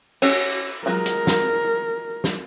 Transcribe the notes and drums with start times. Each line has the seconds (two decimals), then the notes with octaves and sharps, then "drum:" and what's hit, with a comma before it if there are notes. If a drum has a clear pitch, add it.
0.22 C#4 F#4, drum: cymbal
0.86 F#3 G#3 F4 A#4
1.06 drum: hi-hat
1.27 drum: snare
2.24 drum: snare